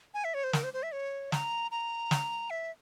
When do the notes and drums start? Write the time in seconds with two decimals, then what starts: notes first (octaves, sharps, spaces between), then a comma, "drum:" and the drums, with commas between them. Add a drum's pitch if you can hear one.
0.14 G#5
0.24 E5
0.34 C#5
0.44 C5
0.53 A#4, drum: snare
0.63 C5
0.74 C5
0.83 E5
0.93 C#5
1.32 A#5, drum: snare
1.71 A#5
2.11 drum: snare
2.50 E5